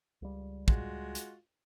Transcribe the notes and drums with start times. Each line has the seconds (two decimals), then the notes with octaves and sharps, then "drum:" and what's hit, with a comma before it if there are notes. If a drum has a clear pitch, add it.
0.22 C#2 G3
0.68 G#3 F4 F#4, drum: kick
1.15 drum: hi-hat